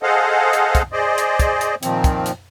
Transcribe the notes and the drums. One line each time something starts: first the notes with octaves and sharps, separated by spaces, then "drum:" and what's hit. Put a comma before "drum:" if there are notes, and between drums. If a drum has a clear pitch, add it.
G#4 A4 C5 D#5 F5 F#5
drum: hi-hat
drum: kick, hi-hat
G#4 C5 D5 D#5
drum: hi-hat
drum: kick, hi-hat
drum: hi-hat
A#2 D#3 F3 C4, drum: hi-hat
drum: kick, hi-hat
drum: hi-hat